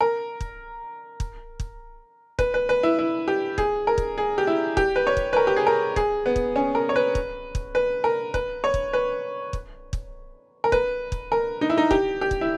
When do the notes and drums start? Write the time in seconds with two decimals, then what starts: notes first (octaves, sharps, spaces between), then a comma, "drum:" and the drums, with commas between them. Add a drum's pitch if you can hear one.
0.01 A#4
0.41 drum: kick
1.20 drum: kick
1.60 drum: kick
2.39 B4, drum: kick
2.54 B4
2.69 B4
2.83 E4
2.99 E4
3.28 G4
3.58 G#4, drum: kick
3.87 A#4
3.98 drum: kick
4.18 G#4
4.38 G4
4.47 E4
4.77 G4, drum: kick
4.96 B4
5.07 C#5
5.17 drum: kick
5.33 B4
5.36 A#4
5.47 G4
5.57 G#4
5.67 A#4
5.96 G#4, drum: kick
6.26 B3
6.36 drum: kick
6.56 C#4
6.75 A#4
6.89 C#5
6.96 B4
7.15 drum: kick
7.55 drum: kick
7.75 B4
8.04 A#4
8.34 B4, drum: kick
8.64 C#5
8.74 drum: kick
8.93 B4
9.53 drum: kick
9.93 drum: kick
10.64 A#4
10.72 B4, drum: kick
11.12 drum: kick
11.32 A#4
11.61 D#4
11.70 E4
11.78 D#4
11.91 G4, drum: kick
12.21 G4
12.31 drum: kick
12.41 E4